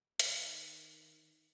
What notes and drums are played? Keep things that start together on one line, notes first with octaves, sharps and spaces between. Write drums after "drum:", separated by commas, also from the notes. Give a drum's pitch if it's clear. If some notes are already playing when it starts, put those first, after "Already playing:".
D#3, drum: hi-hat